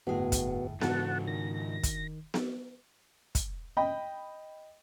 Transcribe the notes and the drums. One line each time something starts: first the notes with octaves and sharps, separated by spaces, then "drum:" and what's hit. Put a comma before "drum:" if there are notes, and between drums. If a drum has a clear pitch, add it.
G1 F2 A2 G#3 B3 F#4 G#4
drum: kick, hi-hat
G#2 C#3 E3 D4 F#4 A4 F#5 A5, drum: snare B3
D#3 A#6
drum: kick, hi-hat
drum: snare B3
drum: kick, hi-hat
D#5 G5 B5